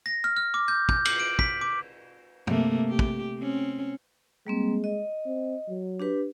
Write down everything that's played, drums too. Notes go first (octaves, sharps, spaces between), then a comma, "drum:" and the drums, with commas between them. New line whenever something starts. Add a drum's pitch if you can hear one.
A#6
F6
F6
D6
G6
G6, drum: kick
F#7, drum: cymbal
D7
B6, drum: kick
D6
C3 A3 A#3, drum: tom
G4
drum: kick
C4 C#4
G3 G#3 A#3 C4
D#5
C4
F#3
D4 G4 B4